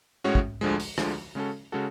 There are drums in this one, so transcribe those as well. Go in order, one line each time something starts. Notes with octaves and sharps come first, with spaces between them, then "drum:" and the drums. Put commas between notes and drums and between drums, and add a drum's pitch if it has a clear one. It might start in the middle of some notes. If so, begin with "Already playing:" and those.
A2 G#3 C#4 F#4 C#5
drum: kick
D2 D3 F3 G#3
drum: open hi-hat
D2 D3 F3 G#3, drum: rim click
C#3 G#3 C#4 F#4 A4
C#3 G#3 C#4 F#4 A4